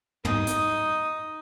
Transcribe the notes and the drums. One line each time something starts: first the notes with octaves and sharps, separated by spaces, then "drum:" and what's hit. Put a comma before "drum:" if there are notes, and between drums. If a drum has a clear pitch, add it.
D#4 D#6, drum: tom
drum: hi-hat